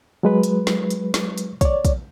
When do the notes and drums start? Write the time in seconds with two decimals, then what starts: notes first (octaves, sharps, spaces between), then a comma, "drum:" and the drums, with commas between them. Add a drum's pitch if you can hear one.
0.23 F#3 G#3 B4
0.43 drum: hi-hat
0.67 drum: snare
0.90 drum: hi-hat
1.14 drum: snare
1.38 drum: hi-hat
1.61 C#5 D5, drum: kick, hi-hat
1.85 drum: kick, hi-hat